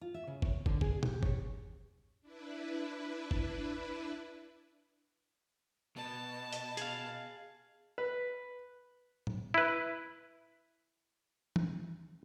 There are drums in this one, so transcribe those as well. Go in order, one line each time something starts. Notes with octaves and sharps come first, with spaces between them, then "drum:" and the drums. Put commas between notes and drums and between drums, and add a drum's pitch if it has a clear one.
F4
E5
C#3
C#5, drum: kick
D3, drum: kick
G#4, drum: kick
G4, drum: tom B2
C#5, drum: kick
D4 E4 B4
drum: kick
B2 A5
drum: hi-hat
G#4 F5, drum: hi-hat
B4
drum: tom
E4 B4
drum: tom E3